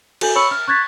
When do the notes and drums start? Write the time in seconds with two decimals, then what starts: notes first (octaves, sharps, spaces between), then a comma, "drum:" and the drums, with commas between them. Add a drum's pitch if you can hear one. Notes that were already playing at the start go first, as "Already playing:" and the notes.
0.21 F#4 A4 G#5 G6 F#7, drum: cymbal
0.35 C#5 B5 C#6 E6 C#7 F#7
0.51 F6
0.68 C#6 F#6 G#6 A6 B6